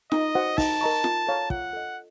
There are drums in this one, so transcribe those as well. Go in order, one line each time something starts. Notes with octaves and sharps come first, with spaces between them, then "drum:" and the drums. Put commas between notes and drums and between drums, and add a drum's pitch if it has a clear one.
D#4 D#5, drum: snare F4
F#4 C5 F#5
D#4 A5, drum: kick, open hi-hat
A#4 D#5 A#5 C#6
F4, drum: snare F4
A4 C#5 F5 A#5
F4 F#5, drum: kick
A4 D#5